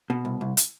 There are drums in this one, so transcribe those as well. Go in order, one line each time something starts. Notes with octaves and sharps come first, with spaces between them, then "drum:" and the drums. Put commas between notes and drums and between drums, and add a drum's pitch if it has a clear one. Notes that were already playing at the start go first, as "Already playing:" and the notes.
B2
C2
C2
drum: hi-hat